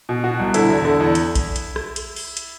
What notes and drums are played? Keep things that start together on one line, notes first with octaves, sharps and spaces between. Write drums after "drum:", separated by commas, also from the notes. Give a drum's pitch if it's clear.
B2
B2 F#4
C2
D3 E4, drum: hi-hat
E2
D3
E2
drum: hi-hat
drum: kick A#1, hi-hat
drum: hi-hat
drum: rim click
drum: hi-hat
drum: open hi-hat
drum: hi-hat